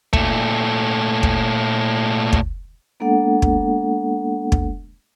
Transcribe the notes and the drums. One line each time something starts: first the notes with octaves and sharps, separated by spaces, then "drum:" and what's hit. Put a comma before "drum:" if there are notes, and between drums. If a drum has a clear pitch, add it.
A#2 A3, drum: kick
drum: kick
drum: kick
G#3 A#3 B3 D4 A4 F#5
drum: kick
drum: kick